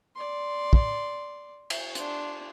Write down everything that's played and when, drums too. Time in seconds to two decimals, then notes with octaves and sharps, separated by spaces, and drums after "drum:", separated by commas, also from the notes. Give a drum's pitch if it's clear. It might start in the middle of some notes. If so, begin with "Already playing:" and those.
0.15 D5 C6
0.73 drum: kick
1.70 drum: cymbal
1.95 D4 C6, drum: hi-hat